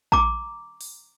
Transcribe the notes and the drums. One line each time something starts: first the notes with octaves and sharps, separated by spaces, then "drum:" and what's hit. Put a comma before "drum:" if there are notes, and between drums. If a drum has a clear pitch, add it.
A#5 D6, drum: kick A#1
drum: open hi-hat